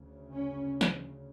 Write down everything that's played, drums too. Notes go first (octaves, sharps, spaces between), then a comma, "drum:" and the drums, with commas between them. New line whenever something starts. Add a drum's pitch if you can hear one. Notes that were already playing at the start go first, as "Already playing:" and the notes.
Already playing: D2 C#3
C#4
drum: snare